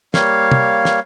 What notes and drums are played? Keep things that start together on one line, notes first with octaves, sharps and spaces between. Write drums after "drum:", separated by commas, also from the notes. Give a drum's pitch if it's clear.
G3 A#3 C#5 F5, drum: snare
drum: tom
drum: snare